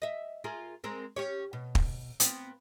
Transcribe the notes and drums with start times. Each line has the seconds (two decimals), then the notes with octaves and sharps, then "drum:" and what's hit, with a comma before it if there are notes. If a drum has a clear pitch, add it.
0.02 D#5 E5
0.44 F4 G#4 A#4
0.84 G#3 C4 A#4
1.16 C#4 G4 C#5
1.53 B2
1.75 drum: kick
2.20 B3 C4 F4, drum: hi-hat